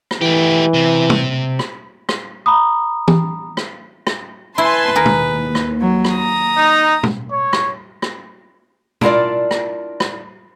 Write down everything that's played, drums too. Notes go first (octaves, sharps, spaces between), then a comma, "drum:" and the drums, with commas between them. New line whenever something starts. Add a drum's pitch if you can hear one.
drum: rim click
E3 A3 G4
C3
drum: tom
drum: rim click
drum: rim click
A#5 B5 D#6
drum: tom E3
drum: rim click
drum: rim click
E4 B4 G#5 A5 C6
D#2 G#4 A#4
drum: tom
drum: rim click
F#3
drum: rim click
A#5 D#6
D#4
drum: tom
C#5
drum: rim click
drum: rim click
D4 E4 F4 A#4 D5, drum: tom
drum: rim click
drum: rim click